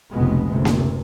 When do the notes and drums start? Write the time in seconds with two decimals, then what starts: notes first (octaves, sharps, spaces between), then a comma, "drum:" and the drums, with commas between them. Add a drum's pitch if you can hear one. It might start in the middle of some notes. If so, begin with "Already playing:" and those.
0.13 F1 C#2 B2 G#3 B3
0.49 F#1 D2 C3
0.65 drum: snare A#3